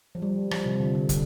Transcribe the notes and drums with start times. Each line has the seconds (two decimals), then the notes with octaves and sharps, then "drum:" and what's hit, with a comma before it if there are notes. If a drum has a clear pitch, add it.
0.15 F3
0.22 G3
0.51 F3, drum: rim click
0.66 C3
0.80 D3
0.95 D3
1.09 D3, drum: kick, hi-hat